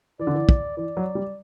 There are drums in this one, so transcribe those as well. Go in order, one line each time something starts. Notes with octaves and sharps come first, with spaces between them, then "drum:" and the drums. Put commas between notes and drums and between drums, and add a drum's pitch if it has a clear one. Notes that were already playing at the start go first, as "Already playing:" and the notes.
E3 D5
D3
E3
drum: kick
E3 D5
F#3
G3